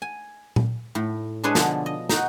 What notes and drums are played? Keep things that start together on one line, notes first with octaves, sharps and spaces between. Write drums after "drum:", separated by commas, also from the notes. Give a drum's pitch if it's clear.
G#5
drum: tom A#2
A2
G#3 D4 G#4 B4 C#5
B2 D3 F3, drum: snare
D#5
D#4 F#4, drum: snare